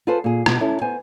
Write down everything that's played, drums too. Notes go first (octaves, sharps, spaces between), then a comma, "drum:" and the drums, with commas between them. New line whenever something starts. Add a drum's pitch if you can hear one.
F4 G#4 A4 B4 C5
A#2 G#4
B2, drum: rim click
C#4 E4 A4
B3 C5 G#5